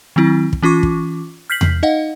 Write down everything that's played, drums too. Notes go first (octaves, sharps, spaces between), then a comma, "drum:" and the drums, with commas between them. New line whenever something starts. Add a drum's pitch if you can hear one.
D#3 F#3 C4 E4
drum: kick
E3 C#4 F4 C#6 D6
drum: kick
F6 G6 B6 C7 F#7
drum: tom E2
D#4 D#5 F5 F#5